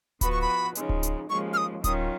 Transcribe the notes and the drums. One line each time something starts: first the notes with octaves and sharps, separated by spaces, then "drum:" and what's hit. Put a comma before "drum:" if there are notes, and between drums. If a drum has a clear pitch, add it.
F3 B3 F#4 B4 B5, drum: kick D1, hi-hat
C#6
B5
C#3 F3 G#3 D#4, drum: hi-hat
drum: kick D1
drum: hi-hat
D#2 C#3 F3 G#3 C#6
F6
D#6
D#3 F#3 C#4 F4 D#6, drum: kick D1, hi-hat